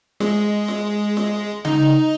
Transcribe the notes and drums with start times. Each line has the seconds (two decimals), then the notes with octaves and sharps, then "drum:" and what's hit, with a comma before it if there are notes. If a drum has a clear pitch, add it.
0.20 G#3, drum: snare
0.68 drum: snare
1.17 drum: snare
1.65 D#4, drum: tom C#3